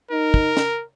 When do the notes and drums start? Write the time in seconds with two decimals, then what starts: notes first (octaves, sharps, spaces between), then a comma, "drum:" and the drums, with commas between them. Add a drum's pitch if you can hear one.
0.11 D#4 A#4
0.34 drum: kick
0.57 drum: snare